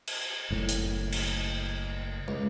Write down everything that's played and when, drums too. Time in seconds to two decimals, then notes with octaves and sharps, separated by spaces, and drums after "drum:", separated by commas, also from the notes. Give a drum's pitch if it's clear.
0.07 drum: cymbal
0.50 F#1 A2
0.69 drum: hi-hat
1.12 drum: cymbal
2.28 C#2